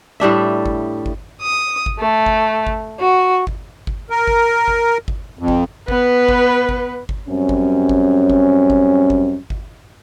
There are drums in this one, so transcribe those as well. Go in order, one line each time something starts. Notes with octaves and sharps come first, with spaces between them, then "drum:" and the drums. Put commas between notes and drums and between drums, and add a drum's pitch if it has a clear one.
A2 G3 D4 E5
drum: kick G1
drum: kick G1
D#6
drum: kick G1
A3
drum: kick G1
drum: kick G1
F#4
drum: kick G1
drum: kick G1
A#4
drum: kick G1
drum: kick G1
drum: kick G1
F2
drum: kick G1
B3 B4, drum: kick G1
drum: kick G1
drum: kick G1
drum: kick G1
F#2 G3 C4 C#4
drum: kick G1
drum: kick G1
drum: kick G1
drum: kick G1
drum: kick G1
drum: kick G1